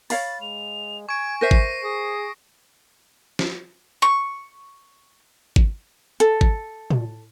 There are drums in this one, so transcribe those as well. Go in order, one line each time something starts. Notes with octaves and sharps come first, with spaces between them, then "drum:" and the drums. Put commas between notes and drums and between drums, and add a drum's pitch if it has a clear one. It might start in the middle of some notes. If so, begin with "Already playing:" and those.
C#5 F5 B5 A6, drum: open hi-hat
G#3 F7
G#5 C#6 G#6 D7
A#4 C5 E5 A#6 C7 D#7
drum: kick G#1
G#4 D#6
drum: snare
C#6
drum: kick G#1
A4, drum: hi-hat
drum: kick G#1
drum: tom